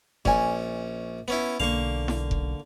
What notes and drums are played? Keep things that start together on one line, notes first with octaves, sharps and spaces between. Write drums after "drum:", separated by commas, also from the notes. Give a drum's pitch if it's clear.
A#1 C#4 D5 G#5, drum: kick F1
B3 C#4 E4
B1 D3 A#3 F5 C#6
drum: snare E4
drum: kick F1